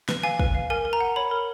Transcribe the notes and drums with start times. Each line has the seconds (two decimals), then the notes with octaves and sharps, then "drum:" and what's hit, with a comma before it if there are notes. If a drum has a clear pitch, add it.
0.09 B4, drum: snare
0.23 F5 G#5
0.39 B4, drum: kick
0.55 F5
0.70 A#4 G#5
0.85 A#4
0.93 A#5
1.01 F#5
1.16 C#5 B5
1.31 A#4